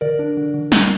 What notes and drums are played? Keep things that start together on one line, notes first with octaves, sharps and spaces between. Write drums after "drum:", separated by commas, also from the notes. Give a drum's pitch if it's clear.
D3 A#4 D5
D4
D3
D3
G3, drum: snare